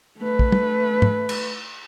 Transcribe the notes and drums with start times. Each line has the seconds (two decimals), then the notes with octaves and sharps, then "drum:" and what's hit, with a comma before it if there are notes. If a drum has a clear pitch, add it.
0.19 A3 B4
0.39 drum: kick
0.52 drum: tom
1.02 drum: tom
1.29 drum: cymbal